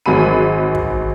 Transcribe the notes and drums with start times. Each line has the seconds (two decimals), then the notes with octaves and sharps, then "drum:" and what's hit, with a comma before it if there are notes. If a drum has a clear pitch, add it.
0.06 G#1 F#3 G#4 B5 D#7
0.75 drum: kick